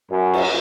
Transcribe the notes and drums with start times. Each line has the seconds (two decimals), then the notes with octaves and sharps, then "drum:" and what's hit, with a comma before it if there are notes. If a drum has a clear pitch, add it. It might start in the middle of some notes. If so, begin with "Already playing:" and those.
0.11 F#2
0.34 drum: cymbal